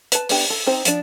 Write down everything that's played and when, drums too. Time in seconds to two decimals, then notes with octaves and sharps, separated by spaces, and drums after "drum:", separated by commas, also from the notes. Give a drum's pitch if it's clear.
0.12 B4 A5, drum: hi-hat
0.29 B3 D4 G4, drum: open hi-hat
0.50 A4
0.66 C4 D#4 C5
0.85 F3 D4, drum: hi-hat